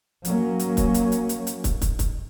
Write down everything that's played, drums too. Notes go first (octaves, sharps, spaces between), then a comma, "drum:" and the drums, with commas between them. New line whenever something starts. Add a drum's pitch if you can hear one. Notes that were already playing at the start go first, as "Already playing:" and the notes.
F#3 A#3 C#4, drum: hi-hat
drum: hi-hat
drum: kick, hi-hat
drum: hi-hat
drum: hi-hat
drum: hi-hat
drum: hi-hat
drum: kick, hi-hat
drum: kick, hi-hat
drum: kick, hi-hat